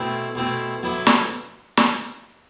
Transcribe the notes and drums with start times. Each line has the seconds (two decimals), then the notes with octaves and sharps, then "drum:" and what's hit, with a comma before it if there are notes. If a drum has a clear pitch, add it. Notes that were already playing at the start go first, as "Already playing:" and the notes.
Already playing: B2 A3 C4 E4
0.35 B2 A3 C4 E4
0.83 D3 F#3 B3 E4
1.07 drum: snare
1.77 drum: snare